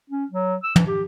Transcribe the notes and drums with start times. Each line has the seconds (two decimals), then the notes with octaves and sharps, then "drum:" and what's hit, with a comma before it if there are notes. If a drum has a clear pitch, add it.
0.10 C#4
0.31 F#3
0.64 E6
0.76 E3, drum: tom
0.87 G4